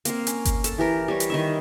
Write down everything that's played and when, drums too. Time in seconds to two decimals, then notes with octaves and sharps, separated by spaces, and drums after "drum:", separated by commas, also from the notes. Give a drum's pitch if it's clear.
0.05 A#3 C4 F5, drum: hi-hat
0.27 C#4, drum: hi-hat
0.45 drum: kick G1, hi-hat
0.64 A4, drum: hi-hat
0.78 E3 G4 A#4
1.08 G3 A#4 C#5
1.20 drum: hi-hat
1.30 D#3 D#4 E5